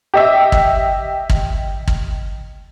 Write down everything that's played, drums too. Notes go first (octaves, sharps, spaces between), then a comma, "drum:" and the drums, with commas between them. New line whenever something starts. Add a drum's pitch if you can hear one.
G4 D#5 E5
drum: kick
drum: kick
drum: kick